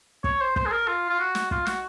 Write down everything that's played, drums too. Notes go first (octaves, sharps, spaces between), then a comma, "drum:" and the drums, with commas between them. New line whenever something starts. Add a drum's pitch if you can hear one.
C#5, drum: kick
C5
C5, drum: kick
G#4
A#4
F4
F4
F#4
drum: snare
F4, drum: kick
F#4, drum: snare